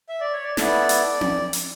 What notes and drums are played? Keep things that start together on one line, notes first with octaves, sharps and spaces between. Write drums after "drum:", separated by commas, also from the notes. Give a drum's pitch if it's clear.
E5
D5
C#5
D5
B3 E4 A4 D5, drum: snare
drum: hi-hat
drum: tom C4
drum: hi-hat